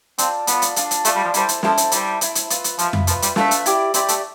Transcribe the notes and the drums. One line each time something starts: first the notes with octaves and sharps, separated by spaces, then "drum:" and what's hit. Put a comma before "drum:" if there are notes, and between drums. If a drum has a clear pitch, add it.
C4 D4 F4 A4, drum: hi-hat
B3 D4 F4 A4, drum: hi-hat
drum: hi-hat
D4 F4 A4, drum: hi-hat
drum: hi-hat
A3 D4 F4 A4, drum: hi-hat
G3
F3
G3 E4 A4 C5, drum: hi-hat
drum: hi-hat
F3 E4 A4 C5, drum: snare
drum: hi-hat
G3 E4 A4 C5, drum: hi-hat
E4 A4 C5, drum: hi-hat
drum: hi-hat
F4 B4 E5, drum: hi-hat
drum: hi-hat
F3 F4 B4 E5, drum: hi-hat
drum: tom F2
F3 F4 B4 E5, drum: hi-hat
G3, drum: hi-hat
A3 F4 B4 E5, drum: snare
drum: hi-hat
E4 G4 D5, drum: hi-hat
C4 E4 G4 D5, drum: hi-hat
A3, drum: hi-hat